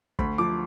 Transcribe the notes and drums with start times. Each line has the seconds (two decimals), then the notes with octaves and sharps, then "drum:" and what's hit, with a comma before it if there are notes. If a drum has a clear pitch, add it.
0.19 D2 B5, drum: kick
0.38 F3 D6